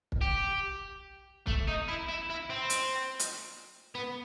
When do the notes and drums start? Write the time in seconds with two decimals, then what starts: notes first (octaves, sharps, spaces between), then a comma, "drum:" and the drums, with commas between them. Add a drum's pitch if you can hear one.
0.12 drum: kick
0.21 G4
1.47 A3, drum: kick
1.68 D#4
1.88 E4
2.09 E4
2.30 E4
2.50 C4
2.70 drum: hi-hat
3.19 drum: hi-hat
3.95 B3